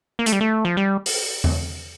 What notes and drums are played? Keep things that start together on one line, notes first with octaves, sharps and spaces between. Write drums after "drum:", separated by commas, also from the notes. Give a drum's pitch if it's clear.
A#3
A3, drum: hi-hat
G3
A3
F3
G3
drum: open hi-hat
drum: tom E2